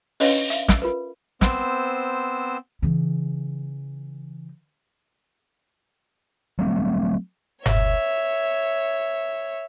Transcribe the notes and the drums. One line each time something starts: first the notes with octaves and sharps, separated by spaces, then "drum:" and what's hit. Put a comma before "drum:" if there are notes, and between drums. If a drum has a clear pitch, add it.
C#4 D4 B4 C#5 D#5 F5, drum: open hi-hat
E5 F5, drum: hi-hat
drum: snare
F4 A#4 B4
B3 C4 C5 E6, drum: snare
C#3 E3
F#3 G3 A3 C4
C#5 E5, drum: tom F#1